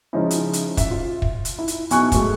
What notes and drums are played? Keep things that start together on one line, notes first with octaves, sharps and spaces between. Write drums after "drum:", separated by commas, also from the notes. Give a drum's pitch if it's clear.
C#3 F3 G#3 C#4 D#4 E4
drum: hi-hat
drum: hi-hat
E5, drum: kick, hi-hat
F4
drum: kick
drum: hi-hat
E4
drum: hi-hat
B1 G#5 C#6 F#6, drum: hi-hat
F#3 G#3 A3, drum: kick, hi-hat